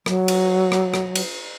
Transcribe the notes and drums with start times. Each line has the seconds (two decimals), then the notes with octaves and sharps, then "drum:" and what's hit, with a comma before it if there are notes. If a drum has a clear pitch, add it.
0.06 F#3, drum: rim click
0.28 drum: cymbal
0.72 drum: rim click
0.94 drum: rim click
1.15 drum: cymbal